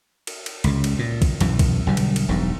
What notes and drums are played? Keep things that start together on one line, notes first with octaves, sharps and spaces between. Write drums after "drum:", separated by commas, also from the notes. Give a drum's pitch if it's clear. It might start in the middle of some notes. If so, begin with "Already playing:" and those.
drum: cymbal
drum: cymbal
C#2 C#3, drum: cymbal
drum: cymbal
A#2
drum: kick, cymbal
B1 F#2 B2 E3, drum: cymbal
drum: kick, cymbal
B1 B2 D3 G3
drum: cymbal
drum: cymbal
E1 B1 G2